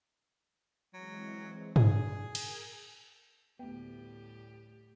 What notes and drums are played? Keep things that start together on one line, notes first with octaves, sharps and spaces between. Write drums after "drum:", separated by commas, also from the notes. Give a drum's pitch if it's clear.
E3 F#3 G#3 C4
D4 G#4, drum: tom
A#4 G#5 D#6, drum: cymbal
D2 A2 G3 B3 G4 G5